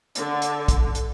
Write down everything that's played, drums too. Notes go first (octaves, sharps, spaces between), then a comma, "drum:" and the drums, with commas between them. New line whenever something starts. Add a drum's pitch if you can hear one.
D3, drum: hi-hat
drum: hi-hat
drum: kick, hi-hat
drum: hi-hat